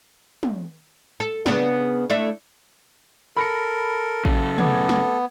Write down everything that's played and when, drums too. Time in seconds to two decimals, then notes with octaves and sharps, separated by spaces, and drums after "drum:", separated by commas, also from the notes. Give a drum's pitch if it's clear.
0.43 drum: tom
1.20 A4
1.46 C#3 B3 D4, drum: snare
2.10 A3 D4 E4
3.37 A4 A#4 B5 A#6 C#7
4.25 F#2 C#3 A4, drum: kick A1
4.58 A3 B3 D6 G#6, drum: tom
4.89 drum: snare